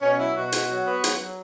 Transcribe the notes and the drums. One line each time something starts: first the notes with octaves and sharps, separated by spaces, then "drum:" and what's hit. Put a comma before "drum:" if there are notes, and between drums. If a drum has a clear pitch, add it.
B2 C#4
F#3 E4
B2 F#4
B2, drum: hi-hat
F#3
B3
F#3, drum: hi-hat
F#3